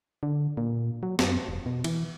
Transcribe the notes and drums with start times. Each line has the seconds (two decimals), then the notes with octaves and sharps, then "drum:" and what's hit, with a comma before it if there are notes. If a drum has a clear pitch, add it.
0.23 D3
0.57 A#2
1.03 F#3
1.19 F#2, drum: snare
1.49 E1
1.66 B2
1.84 E3, drum: cymbal